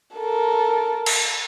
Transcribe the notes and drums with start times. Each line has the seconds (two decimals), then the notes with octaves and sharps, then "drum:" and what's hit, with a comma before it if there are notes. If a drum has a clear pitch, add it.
0.16 A4 A#4
1.06 drum: cymbal